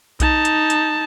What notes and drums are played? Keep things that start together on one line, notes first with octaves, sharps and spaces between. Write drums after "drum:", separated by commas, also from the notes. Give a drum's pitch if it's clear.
D#4 A5, drum: kick B1, hi-hat
drum: hi-hat
drum: hi-hat